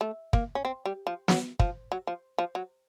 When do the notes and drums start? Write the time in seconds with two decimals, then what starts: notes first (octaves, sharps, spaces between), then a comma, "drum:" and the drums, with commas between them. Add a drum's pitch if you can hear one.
0.01 A3
0.33 A#3, drum: kick
0.55 C#4
0.65 C4
0.85 G3
1.07 F3
1.28 F#3, drum: snare
1.59 F3, drum: kick
1.92 F#3
2.07 F3
2.38 F3
2.55 F#3